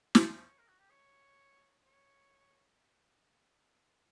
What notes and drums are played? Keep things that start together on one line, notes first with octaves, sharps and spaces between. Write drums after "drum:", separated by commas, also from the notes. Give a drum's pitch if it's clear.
D5, drum: snare
D5
C#5
C#5
A#4
F#4
G4
C#5
C#5